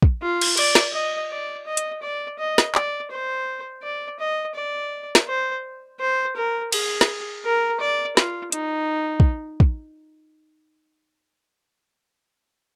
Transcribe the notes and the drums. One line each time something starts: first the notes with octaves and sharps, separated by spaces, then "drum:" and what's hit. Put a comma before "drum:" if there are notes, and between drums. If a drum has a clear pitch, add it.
drum: kick
F4
drum: cymbal
D5, drum: cymbal
drum: snare
D#5
D5
D#5
drum: hi-hat
D5
D#5
drum: snare
D5, drum: clap
C5
D5
D#5
D5
drum: snare
C5
C5
A#4
G#4, drum: cymbal
drum: snare
A#4
D5
F4, drum: snare
D#4, drum: hi-hat
drum: kick
drum: kick